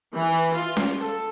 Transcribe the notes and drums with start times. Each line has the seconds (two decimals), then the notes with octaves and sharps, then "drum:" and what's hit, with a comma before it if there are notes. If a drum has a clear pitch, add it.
0.15 E3
0.53 F4
0.77 drum: snare C#4
0.99 A4